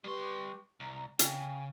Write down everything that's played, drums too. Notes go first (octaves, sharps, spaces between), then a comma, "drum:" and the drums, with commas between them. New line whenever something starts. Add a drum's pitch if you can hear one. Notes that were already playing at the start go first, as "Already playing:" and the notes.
G3 G4 B4 C6 C#6
C2 A#5
C#3 G5 G#5, drum: hi-hat